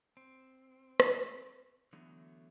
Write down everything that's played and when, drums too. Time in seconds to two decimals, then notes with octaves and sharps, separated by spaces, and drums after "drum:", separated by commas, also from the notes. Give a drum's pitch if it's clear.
0.17 C4
1.00 drum: rim click
1.93 D3 E3 F#3 A3 B3